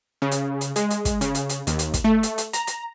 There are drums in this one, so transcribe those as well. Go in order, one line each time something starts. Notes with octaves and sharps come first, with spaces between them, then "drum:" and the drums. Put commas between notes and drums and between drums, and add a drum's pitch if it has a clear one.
C#3
drum: hi-hat
drum: hi-hat
G#3, drum: hi-hat
drum: hi-hat
drum: kick, hi-hat
C#3, drum: hi-hat
drum: hi-hat
drum: hi-hat
D#2, drum: hi-hat
drum: hi-hat
drum: kick, hi-hat
A3
drum: hi-hat
drum: hi-hat
A#5, drum: hi-hat
drum: hi-hat